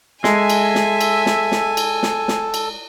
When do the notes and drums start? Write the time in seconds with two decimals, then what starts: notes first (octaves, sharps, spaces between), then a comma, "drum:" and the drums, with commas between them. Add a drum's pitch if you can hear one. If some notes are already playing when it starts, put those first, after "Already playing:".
0.24 G#3 A4 E5 G#5, drum: snare
0.50 drum: cymbal
0.75 drum: snare
1.01 drum: cymbal
1.26 drum: snare
1.52 drum: snare
1.77 drum: cymbal
2.03 drum: snare
2.28 drum: snare
2.54 drum: cymbal